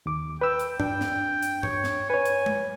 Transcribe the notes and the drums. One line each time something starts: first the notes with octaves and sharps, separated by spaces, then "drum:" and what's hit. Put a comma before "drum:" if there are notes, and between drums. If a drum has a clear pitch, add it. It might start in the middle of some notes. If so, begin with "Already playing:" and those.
D#2 D6
B4 G5 E6
drum: hi-hat
D4 G5, drum: tom G2
drum: snare
drum: hi-hat
C#5, drum: tom G2
drum: snare
B4 C#5 G#5
drum: hi-hat
drum: tom G#3